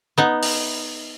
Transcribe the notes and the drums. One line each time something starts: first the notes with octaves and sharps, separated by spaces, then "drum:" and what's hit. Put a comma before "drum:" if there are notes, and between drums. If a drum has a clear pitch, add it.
B3 D#4
drum: open hi-hat